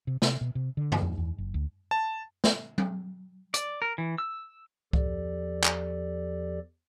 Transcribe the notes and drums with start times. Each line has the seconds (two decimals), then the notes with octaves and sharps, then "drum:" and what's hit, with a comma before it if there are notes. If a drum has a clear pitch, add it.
0.07 C3
0.22 C3, drum: snare
0.41 B2
0.55 C3
0.77 D3
0.92 drum: tom
1.02 F2
1.18 E2
1.38 F#1
1.54 D2
1.91 A5
2.44 drum: snare
2.78 drum: tom F#3
3.54 D5, drum: hi-hat
3.82 A#4
3.98 E3
4.18 E6
4.93 E2 F3 G4 A4 D5, drum: kick C#2
5.64 drum: clap